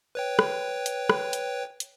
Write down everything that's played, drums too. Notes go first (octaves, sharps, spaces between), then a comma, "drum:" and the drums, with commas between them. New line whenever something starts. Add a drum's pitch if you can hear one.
B4 C#5 G5
drum: rim click
drum: hi-hat
drum: rim click
drum: hi-hat
drum: hi-hat